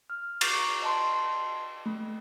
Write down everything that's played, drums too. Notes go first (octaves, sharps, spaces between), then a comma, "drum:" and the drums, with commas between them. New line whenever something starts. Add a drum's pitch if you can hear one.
F6
A#5 C#6 D6 G6, drum: cymbal
D#5 A5 C6
A3